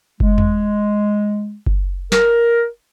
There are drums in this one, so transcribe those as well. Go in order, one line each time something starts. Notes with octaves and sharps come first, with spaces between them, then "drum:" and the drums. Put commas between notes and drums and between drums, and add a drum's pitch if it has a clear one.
G#3, drum: kick F#1
drum: tom E2
drum: kick F#1
A#4, drum: snare